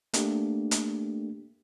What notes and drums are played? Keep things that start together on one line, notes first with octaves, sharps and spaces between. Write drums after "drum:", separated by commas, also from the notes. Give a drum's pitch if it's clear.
A3 A#3 D4 G4, drum: hi-hat
drum: hi-hat